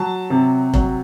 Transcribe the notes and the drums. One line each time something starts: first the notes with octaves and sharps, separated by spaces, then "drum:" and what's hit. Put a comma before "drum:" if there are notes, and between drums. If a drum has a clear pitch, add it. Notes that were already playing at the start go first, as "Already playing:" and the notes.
Already playing: F#3 A5
C3
F#3, drum: kick